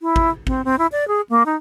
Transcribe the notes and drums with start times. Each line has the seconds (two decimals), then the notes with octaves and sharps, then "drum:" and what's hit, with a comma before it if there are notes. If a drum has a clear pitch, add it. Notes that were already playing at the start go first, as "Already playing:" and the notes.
0.01 E4
0.16 drum: kick
0.47 C4, drum: kick
0.65 C4
0.78 E4
0.92 D5
1.08 G#4
1.29 A#3
1.46 D#4